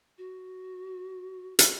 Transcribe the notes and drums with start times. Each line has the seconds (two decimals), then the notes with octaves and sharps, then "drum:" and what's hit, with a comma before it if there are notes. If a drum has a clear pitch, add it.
0.18 F#4
1.59 F#4, drum: hi-hat